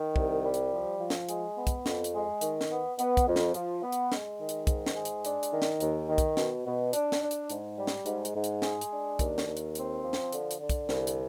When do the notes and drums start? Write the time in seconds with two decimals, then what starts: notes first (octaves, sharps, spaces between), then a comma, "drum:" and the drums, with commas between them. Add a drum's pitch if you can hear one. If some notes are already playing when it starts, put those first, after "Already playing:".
Already playing: D#3
0.16 C2, drum: kick
0.44 G3
0.54 drum: hi-hat
0.73 F3
1.00 F3
1.10 drum: snare
1.29 G#3, drum: hi-hat
1.57 B3
1.67 drum: kick, hi-hat
1.86 F2, drum: snare
2.04 drum: hi-hat
2.14 G#3
2.41 D#3, drum: hi-hat
2.61 drum: snare
2.71 B3
2.99 B3, drum: hi-hat
3.17 drum: kick, hi-hat
3.27 F2
3.36 drum: snare
3.54 F3, drum: hi-hat
3.83 B3
3.92 drum: hi-hat
4.12 G#3, drum: snare
4.39 D#3
4.49 drum: hi-hat
4.67 G#2, drum: kick, hi-hat
4.86 drum: snare
4.96 G#3
5.05 drum: hi-hat
5.25 D4, drum: hi-hat
5.43 drum: hi-hat
5.52 D#3
5.62 drum: snare
5.80 D#2, drum: hi-hat
6.08 D#3
6.18 drum: kick, hi-hat
6.37 B2, drum: snare
6.66 B2
6.93 D4, drum: hi-hat
7.12 drum: snare
7.22 D4
7.31 drum: hi-hat
7.50 G#2, drum: hi-hat
7.77 G3
7.87 drum: snare
8.06 G#2, drum: hi-hat
8.25 drum: hi-hat
8.35 G#2
8.44 drum: hi-hat
8.62 G#3, drum: snare
8.81 drum: hi-hat
8.91 D4
9.19 D#2, drum: kick, hi-hat
9.38 drum: snare
9.47 D#2
9.57 drum: hi-hat
9.75 C4, drum: hi-hat
10.03 F3
10.13 drum: snare
10.32 D3, drum: hi-hat
10.51 drum: hi-hat
10.60 D3
10.69 drum: kick, hi-hat
10.89 C2, drum: snare
11.07 drum: hi-hat